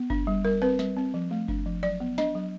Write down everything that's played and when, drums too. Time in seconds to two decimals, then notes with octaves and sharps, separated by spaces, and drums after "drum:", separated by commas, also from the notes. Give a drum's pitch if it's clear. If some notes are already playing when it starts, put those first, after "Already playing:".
Already playing: B3
0.10 D4, drum: kick F#1
0.27 G3
0.45 G3 A#4
0.62 C4 B4
0.79 G3, drum: snare
0.97 C4
1.14 F3
1.31 A3
1.48 D4, drum: kick F#1
1.66 F3
1.83 F#3 D5
2.00 B3
2.18 D4 D#5, drum: snare
2.35 F#3